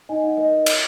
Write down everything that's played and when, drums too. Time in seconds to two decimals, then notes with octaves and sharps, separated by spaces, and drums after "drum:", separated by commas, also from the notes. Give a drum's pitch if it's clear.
0.09 D#4 D#5 G#5
0.23 D#4 F#5
0.37 A#4 D#5
0.52 A#4
0.66 A#4, drum: cymbal